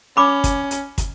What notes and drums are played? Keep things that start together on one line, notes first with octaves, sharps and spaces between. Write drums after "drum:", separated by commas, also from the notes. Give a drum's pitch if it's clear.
C#4 B5 D6
drum: kick, hi-hat
drum: hi-hat
drum: kick, hi-hat